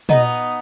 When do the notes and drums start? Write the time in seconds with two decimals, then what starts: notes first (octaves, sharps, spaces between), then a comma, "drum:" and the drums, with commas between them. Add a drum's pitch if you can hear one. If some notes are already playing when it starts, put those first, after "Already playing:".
0.09 B3 D#4 D#5, drum: tom